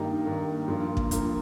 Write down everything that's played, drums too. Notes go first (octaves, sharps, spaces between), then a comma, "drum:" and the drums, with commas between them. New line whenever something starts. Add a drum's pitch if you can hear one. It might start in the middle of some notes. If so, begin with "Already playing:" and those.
Already playing: G2 D#3 A#3 D#4 G4
G2 D#3 A#3
G2 F3 A#3 F4
drum: kick
G2 F3 A#3, drum: hi-hat